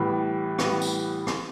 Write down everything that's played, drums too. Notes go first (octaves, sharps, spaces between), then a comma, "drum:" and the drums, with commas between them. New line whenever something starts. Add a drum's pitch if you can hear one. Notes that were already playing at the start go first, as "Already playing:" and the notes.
Already playing: A2 E3 G3 B3
A2 E3 G3 B3, drum: rim click
drum: tambourine
drum: rim click